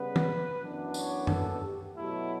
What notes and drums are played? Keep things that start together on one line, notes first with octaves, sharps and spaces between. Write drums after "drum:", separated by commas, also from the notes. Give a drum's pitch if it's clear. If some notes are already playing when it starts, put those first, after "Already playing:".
Already playing: C#3 G3 B3 B4
drum: tom
F#2 E3 B3 D4
C#5, drum: tambourine
A4, drum: tom F#2
G4
B2 F#3 A3 E4